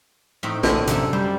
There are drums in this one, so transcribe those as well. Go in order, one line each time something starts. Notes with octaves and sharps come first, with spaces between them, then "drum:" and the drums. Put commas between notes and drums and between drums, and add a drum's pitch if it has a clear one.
A2 C4 D#4
A#1 A2 D3, drum: snare
F#2 C3 A#3 A4, drum: hi-hat
G3 C5